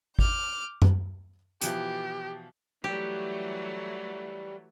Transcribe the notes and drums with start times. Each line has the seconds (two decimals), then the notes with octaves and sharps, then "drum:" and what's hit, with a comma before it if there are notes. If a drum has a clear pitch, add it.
0.19 D6 F6 G6, drum: kick G#1
0.82 drum: tom F#2
1.61 B2 E3 F3 G4, drum: hi-hat
2.84 E3 F#3 G3 A3 G4